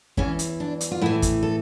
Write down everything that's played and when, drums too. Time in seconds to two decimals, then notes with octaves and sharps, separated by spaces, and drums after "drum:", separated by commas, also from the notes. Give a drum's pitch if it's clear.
0.17 E2 E3 C#4, drum: kick
0.39 drum: hi-hat
0.60 D4
0.81 drum: hi-hat
0.91 F4
1.02 A2 E3 E4
1.22 drum: kick, hi-hat
1.43 A4